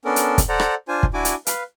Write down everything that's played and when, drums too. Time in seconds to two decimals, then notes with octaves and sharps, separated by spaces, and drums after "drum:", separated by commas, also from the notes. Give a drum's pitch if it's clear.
0.05 B3 C#4 D4 A4 A#4
0.16 drum: hi-hat
0.38 drum: kick, hi-hat
0.49 A4 C5 D5 F#5 A#5
0.60 drum: rim click
0.88 D4 F4 C5 G#5
1.03 drum: kick
1.14 D4 E4 F#4 G#5 D6
1.25 drum: hi-hat
1.47 B4 F5, drum: hi-hat